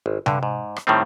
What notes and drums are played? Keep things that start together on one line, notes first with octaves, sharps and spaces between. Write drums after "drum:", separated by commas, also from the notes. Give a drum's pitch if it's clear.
G#1
G2 D3, drum: tom C3
G#2
drum: rim click
A2 D#3 G3 C4